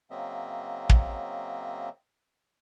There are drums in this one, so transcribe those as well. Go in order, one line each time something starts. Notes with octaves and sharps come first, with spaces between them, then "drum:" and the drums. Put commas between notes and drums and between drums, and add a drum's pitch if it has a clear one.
C#3 F#3 A#3 C4 D#5 E5
drum: kick